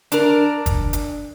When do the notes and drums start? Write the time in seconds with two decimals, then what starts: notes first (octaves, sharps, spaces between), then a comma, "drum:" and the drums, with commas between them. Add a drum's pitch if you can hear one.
0.12 D4 A#4, drum: hi-hat
0.66 drum: kick, hi-hat
0.93 drum: hi-hat